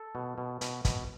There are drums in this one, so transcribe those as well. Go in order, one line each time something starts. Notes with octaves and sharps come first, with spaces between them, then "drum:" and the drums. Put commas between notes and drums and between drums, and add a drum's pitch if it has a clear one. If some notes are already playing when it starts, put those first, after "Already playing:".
Already playing: A4
B2
B2
B2, drum: hi-hat
B2, drum: kick, hi-hat